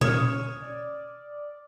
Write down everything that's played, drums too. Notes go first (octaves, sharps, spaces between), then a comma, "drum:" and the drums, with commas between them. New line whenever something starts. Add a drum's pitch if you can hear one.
C#4 C#5 D#6 F6, drum: tom A#2
D5